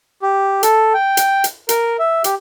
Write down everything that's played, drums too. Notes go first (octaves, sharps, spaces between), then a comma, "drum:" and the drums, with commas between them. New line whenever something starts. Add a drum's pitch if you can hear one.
G4
A4, drum: hi-hat
G5
drum: hi-hat
drum: hi-hat
A#4, drum: hi-hat
E5
G4, drum: hi-hat